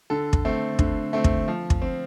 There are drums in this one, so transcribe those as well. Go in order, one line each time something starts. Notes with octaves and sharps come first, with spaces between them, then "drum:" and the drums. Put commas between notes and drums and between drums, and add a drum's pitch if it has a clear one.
D3 A4
drum: kick
A3 C4
D3, drum: kick
A3 C4
drum: kick
F3
drum: kick
C4